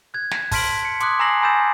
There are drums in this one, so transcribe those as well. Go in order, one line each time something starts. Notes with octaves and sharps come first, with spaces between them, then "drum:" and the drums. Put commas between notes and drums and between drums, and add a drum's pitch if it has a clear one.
F#6 G#6
drum: snare
A5 C6 F6 B6 D7 F#7, drum: kick, open hi-hat
B6 C#7
C6 D6 D#6 F#6 G#6, drum: hi-hat
G#5 A#5 E6 A#6 C7 F#7
G#5 B5 E6 G6 A6 E7